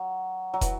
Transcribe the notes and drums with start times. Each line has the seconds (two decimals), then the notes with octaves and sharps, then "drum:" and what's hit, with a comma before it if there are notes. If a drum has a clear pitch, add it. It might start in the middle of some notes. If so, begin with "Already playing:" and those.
Already playing: F#3
0.54 F#3
0.61 E3, drum: kick, hi-hat